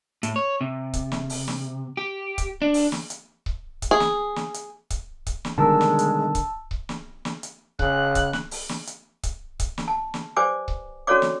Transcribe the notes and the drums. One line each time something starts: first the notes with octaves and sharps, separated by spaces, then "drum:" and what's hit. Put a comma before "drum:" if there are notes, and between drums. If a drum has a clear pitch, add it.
A2, drum: hi-hat
C#5
C3
drum: kick C#1, hi-hat
drum: snare
drum: open hi-hat
drum: snare
G4
drum: kick C#1, hi-hat
D4
drum: open hi-hat
drum: snare
drum: hi-hat
drum: kick C#1
drum: kick C#1, hi-hat
G#4
drum: snare
drum: snare
drum: hi-hat
drum: kick C#1, hi-hat
drum: kick C#1, hi-hat
drum: snare
B2 D3 D#3 G3 G#3 A#4 A5 E6
drum: snare
drum: hi-hat
drum: kick C#1, hi-hat
drum: kick C#1
drum: snare
drum: snare
drum: hi-hat
C#3 F#6, drum: kick C#1
drum: kick C#1, hi-hat
drum: snare
drum: open hi-hat
drum: snare
drum: hi-hat
drum: kick C#1, hi-hat
drum: kick C#1, hi-hat
drum: snare
A5
drum: snare
G4 B4 C5 D5 G#5 D6
drum: kick C#1
C#4 F#4 A4 C#5 D5 D6
drum: snare